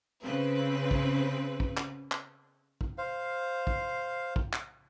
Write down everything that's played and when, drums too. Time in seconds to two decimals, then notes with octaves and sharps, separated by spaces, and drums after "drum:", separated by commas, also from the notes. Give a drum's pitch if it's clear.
0.24 C#3 C4 B4
0.91 drum: kick
1.60 drum: kick
1.77 drum: clap
2.12 drum: clap
2.81 drum: kick
2.98 C5 F5
3.67 drum: kick
4.36 drum: kick
4.53 drum: clap